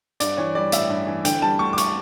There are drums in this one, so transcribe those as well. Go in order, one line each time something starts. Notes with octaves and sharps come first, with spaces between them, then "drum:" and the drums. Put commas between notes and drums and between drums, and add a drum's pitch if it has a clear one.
G2 D5, drum: hi-hat
E3 C#5
G3 D5
A1 E5, drum: hi-hat
G2
E3
D3 G5, drum: hi-hat
G3 A5
D2 C#6
D6
C#6, drum: hi-hat